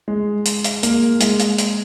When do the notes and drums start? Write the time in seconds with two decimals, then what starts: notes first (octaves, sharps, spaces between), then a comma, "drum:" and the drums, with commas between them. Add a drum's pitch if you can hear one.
0.08 G#3
0.45 drum: hi-hat
0.64 drum: hi-hat
0.83 A#3, drum: hi-hat
1.20 G#3, drum: hi-hat
1.39 drum: hi-hat
1.58 drum: hi-hat